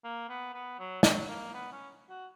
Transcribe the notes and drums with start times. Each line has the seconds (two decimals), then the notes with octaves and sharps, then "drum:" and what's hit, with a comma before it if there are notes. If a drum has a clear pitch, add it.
0.04 A#3
0.29 B3
0.54 B3
0.79 F#3
1.03 F#3, drum: snare
1.28 A#3
1.54 B3
1.72 C#4
2.09 F#4